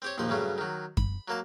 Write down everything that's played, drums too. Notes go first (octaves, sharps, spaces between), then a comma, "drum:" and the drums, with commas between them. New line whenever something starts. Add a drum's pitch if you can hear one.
C4 G4 C#5
A#1 D#2 A#2 F3 C6
G2 C#3 F#3 A3
D#3 F#3
B5, drum: kick F#2
F#3 A#3 A5